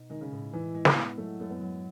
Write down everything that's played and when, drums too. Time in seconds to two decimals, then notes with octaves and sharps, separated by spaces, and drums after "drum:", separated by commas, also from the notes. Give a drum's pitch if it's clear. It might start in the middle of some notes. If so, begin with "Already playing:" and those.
Already playing: B2 D#4
0.10 D#3 G#3
0.21 C#3
0.31 A2
0.53 E3 E4
0.74 G#3
0.85 B3, drum: snare
0.96 E4
1.18 F#3 A3
1.40 F#2 A3
1.51 B3
1.61 F#3